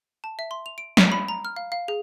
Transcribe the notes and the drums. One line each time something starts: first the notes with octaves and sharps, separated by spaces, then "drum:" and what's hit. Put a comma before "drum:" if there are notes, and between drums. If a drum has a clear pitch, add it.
A5
E5
C6
F7
D7
B6, drum: snare
B5
A#5
F6
F5
F5
G#4